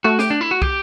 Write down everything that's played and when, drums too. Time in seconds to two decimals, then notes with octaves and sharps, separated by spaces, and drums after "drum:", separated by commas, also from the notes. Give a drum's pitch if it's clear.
0.04 A3 F#4
0.19 G4, drum: snare
0.30 D4
0.41 E4
0.51 F#4
0.62 G4, drum: kick